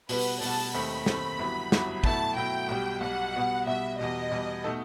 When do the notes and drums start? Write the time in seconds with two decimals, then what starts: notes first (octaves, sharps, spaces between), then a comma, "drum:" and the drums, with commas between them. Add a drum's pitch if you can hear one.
0.09 B2 G3 B3 F#4 B4, drum: open hi-hat
0.41 B2 G3 B3 F#4 A5, drum: open hi-hat
0.74 D#2 D#3 A3 C4 B5
1.06 D#2 D#3 A3 C4, drum: snare
1.39 G1 G2 F#3 B3 E4
1.72 G1 G2 F#3 B3 E4, drum: snare
2.04 B2 F#3 A3 E4 A5, drum: kick
2.36 B2 F#3 A3 E4 G5
2.69 B1 B2 G3
3.01 B1 B2 G3 F#5
3.34 B2 G3 B3 F#4
3.66 B2 G3 B3 F#4 E5
3.99 E2 B2 G3 D#5
4.31 E2 B2 G3
4.64 B2 A3 D#4 A4